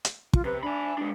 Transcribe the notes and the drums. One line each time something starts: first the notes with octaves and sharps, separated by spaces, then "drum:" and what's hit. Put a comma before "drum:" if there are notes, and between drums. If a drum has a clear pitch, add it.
drum: hi-hat
F4, drum: kick
C3 B4
D4 G#5 B5
G#3 D4